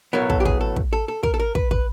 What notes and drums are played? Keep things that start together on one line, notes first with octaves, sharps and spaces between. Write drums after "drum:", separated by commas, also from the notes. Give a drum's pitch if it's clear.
B1 A2 F#3 B3 A#4
A4, drum: kick
G4
G#4, drum: kick
A4
drum: kick
A4
A4
A#4, drum: kick
A4
A#4
B4, drum: kick
B4, drum: kick